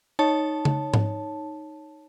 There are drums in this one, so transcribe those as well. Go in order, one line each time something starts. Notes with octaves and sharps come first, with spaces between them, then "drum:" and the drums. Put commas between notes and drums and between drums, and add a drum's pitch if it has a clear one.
D#4 C#5 A5
drum: tom C#3
drum: tom G#2